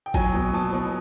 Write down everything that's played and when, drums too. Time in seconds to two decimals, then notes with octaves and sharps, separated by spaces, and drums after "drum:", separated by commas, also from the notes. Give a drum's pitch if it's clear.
0.06 G5
0.14 F#3 G#5, drum: kick G#1, cymbal
0.35 B2
0.53 B2 A5
0.73 B2